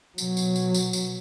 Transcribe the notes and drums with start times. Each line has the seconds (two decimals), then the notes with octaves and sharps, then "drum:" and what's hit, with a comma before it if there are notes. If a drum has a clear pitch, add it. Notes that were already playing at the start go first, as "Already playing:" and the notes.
0.18 B2 F#3, drum: tambourine
0.37 drum: tambourine
0.56 drum: tambourine
0.74 drum: tambourine
0.93 drum: tambourine